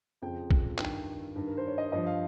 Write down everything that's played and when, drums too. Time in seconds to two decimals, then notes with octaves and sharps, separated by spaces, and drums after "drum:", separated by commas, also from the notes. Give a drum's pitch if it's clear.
0.22 F2 C#3 F3 G5
0.51 drum: kick
0.79 G2 D#3 G5, drum: clap
1.36 G2 D#3
1.47 A#4
1.57 C5
1.67 C#5
1.78 D#5
1.92 G2 F3 D#5
2.06 F5